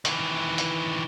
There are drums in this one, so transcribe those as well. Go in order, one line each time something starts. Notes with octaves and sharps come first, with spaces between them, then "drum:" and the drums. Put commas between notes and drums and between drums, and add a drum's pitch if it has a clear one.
D#3 E3, drum: hi-hat
drum: hi-hat